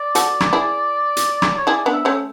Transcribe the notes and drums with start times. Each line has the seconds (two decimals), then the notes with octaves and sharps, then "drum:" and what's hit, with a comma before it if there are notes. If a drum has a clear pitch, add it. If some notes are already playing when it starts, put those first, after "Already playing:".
Already playing: D5
0.15 F#4 A4, drum: hi-hat
0.40 drum: rim click
0.53 E4 G#4
1.17 drum: hi-hat
1.42 drum: rim click
1.57 C#5
1.67 E4 G#4 D5
1.85 B3 D4 F#5
1.93 E5
2.05 A3 C#4